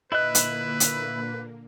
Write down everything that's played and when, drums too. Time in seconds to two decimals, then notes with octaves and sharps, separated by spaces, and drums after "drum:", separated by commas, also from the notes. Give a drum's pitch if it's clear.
0.12 A#2 D3 A#3 E4 B4 D#5 F#6
0.35 drum: hi-hat
0.80 drum: hi-hat